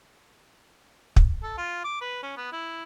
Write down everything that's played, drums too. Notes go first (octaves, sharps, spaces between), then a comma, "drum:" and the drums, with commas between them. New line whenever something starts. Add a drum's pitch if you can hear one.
drum: kick
A4
F4
D6
B4
C#4
B3
E4